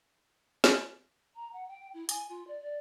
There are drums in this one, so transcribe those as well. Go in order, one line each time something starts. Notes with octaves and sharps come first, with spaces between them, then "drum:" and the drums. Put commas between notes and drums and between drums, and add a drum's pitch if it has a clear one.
drum: snare
A#5
F#5
G5
E4
G#5, drum: hi-hat
F4
D5
D5